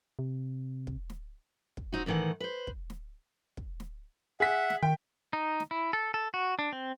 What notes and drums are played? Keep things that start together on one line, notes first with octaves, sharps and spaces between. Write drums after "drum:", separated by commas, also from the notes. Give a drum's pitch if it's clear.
C3
drum: kick
drum: snare
drum: kick
C4 D#4 F#4
F2 A2 D#3 E3 F#5
B4 C5
drum: kick
drum: snare
drum: kick
drum: snare
G#4 E5 F#5 B6
drum: snare
D#3 G5
D#4
drum: snare
E4
A4
A4
F#4
D4
C4